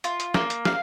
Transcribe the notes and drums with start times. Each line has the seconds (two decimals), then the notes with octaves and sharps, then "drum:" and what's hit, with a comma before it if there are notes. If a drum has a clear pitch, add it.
0.04 F4, drum: hi-hat
0.20 drum: hi-hat
0.34 A#3, drum: snare
0.50 drum: hi-hat
0.65 F5, drum: snare